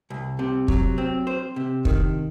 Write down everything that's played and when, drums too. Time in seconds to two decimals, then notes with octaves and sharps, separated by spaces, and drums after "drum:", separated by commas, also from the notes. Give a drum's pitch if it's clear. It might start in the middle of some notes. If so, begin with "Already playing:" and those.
0.10 C2
0.39 C3
0.68 F#3, drum: kick
0.98 C4
1.27 C5
1.56 C3
1.85 D#3, drum: kick